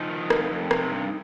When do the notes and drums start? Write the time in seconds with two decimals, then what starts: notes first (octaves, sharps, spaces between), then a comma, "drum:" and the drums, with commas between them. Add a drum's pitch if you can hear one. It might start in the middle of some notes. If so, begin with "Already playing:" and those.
Already playing: F3 D#4
0.10 D#3
0.30 F2, drum: rim click
0.51 F2
0.71 C3, drum: rim click
0.91 G2